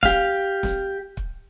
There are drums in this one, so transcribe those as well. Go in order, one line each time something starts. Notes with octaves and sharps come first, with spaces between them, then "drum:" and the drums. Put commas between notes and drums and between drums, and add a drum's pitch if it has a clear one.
G4 F5, drum: snare
drum: snare
drum: kick